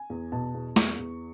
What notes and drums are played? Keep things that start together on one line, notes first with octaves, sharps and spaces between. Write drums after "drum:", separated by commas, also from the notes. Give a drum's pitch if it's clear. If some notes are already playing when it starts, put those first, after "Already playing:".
Already playing: G#5
E2
B2 A5
E2
E2 C#6, drum: snare
E2